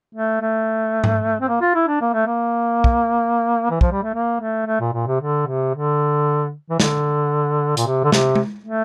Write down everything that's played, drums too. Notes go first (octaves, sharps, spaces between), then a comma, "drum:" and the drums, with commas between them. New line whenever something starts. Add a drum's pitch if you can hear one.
A3
A3
drum: tom G#2
C4
A#3
F4
E4
D4
A#3
A3
A#3
drum: kick
E3
F3, drum: kick
G3
A3
A#3
A3
A3
A#2
A#2
C3
D3
C3
D3
E3
D3, drum: snare
A#2, drum: hi-hat
C3
D3
C3, drum: snare
drum: tom G#3
A3